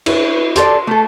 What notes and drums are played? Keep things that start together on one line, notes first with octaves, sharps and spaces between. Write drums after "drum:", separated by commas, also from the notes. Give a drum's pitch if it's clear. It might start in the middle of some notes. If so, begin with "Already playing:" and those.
E4 B4, drum: cymbal
G4 A4 D5 C6, drum: hi-hat
A3 A4